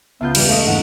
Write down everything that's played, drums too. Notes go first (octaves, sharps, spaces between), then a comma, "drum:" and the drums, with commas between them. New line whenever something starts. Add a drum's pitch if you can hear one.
C#2 B3 F4 E5 G6
E1 G3 B4, drum: cymbal
G#3 A3 D#5 F5
A1 E2 G#2 F#5